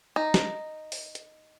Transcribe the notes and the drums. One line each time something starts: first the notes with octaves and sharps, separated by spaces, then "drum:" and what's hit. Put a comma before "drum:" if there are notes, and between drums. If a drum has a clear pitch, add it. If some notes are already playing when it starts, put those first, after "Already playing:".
D#4
drum: snare
drum: open hi-hat
drum: hi-hat